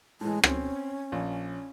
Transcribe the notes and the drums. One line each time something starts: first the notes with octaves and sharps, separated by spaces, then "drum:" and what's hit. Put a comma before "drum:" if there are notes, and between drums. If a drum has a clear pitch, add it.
A2 E3 G#3
C4 C#4, drum: rim click
A#1